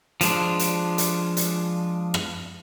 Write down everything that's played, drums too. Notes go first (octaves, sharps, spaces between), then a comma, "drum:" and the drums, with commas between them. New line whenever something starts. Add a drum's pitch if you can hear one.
F3 G#3 D4, drum: hi-hat
drum: hi-hat
drum: hi-hat
drum: hi-hat
drum: rim click